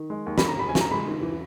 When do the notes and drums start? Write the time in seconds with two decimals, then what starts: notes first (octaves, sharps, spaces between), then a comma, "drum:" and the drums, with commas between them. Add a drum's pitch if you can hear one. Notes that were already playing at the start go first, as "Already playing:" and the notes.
Already playing: D#3
0.10 G#3
0.26 D#2
0.38 B5, drum: snare
0.43 D#2
0.48 A#5
0.59 E1 B5
0.69 G#5
0.75 E1, drum: snare
0.81 A#5
0.91 G#3 B5
1.07 D#3
1.23 E3